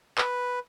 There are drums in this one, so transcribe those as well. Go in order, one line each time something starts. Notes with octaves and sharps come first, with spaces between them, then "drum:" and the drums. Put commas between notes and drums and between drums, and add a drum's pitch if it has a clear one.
B4, drum: clap